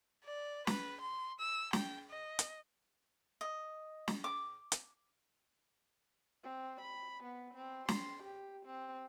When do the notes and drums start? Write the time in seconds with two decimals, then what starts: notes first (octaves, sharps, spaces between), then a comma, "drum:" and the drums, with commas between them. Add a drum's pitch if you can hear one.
0.25 D5
0.67 B4, drum: snare
1.01 C6
1.40 E6
1.73 G5, drum: snare
2.10 D#5
2.39 drum: hi-hat
3.41 D#5
4.08 drum: snare
4.24 D6
4.72 drum: hi-hat
6.44 C4
6.81 B5
7.24 B3
7.54 C4
7.88 C6, drum: snare
8.23 G4
8.66 C4